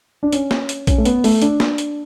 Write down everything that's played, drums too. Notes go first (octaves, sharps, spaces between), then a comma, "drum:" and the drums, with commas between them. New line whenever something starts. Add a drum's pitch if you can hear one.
D4
C#4, drum: hi-hat
drum: snare
drum: hi-hat
C#4, drum: kick A#1, hi-hat
A3
B3, drum: hi-hat
A3, drum: open hi-hat
D4, drum: hi-hat
drum: snare
drum: hi-hat